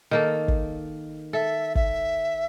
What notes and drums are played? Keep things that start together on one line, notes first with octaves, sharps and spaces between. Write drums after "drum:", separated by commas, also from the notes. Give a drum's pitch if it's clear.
D#3 A#3 A4
drum: kick
A4 E5
E5, drum: kick